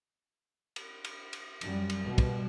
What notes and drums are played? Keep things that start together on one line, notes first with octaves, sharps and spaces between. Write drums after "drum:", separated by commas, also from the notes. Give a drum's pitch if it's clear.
drum: cymbal
drum: cymbal
drum: cymbal
F#2 G3, drum: cymbal
drum: cymbal
B2 G3
drum: kick, cymbal